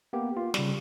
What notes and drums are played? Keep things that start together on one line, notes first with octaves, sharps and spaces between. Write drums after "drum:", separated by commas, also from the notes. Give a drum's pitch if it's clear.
A#3 B3 G4
F4
C#3 G3, drum: snare